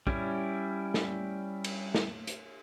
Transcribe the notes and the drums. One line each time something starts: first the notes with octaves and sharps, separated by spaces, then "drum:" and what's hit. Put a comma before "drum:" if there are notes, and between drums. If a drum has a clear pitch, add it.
G3 C#4 E4, drum: kick
drum: snare
drum: cymbal
drum: snare
drum: hi-hat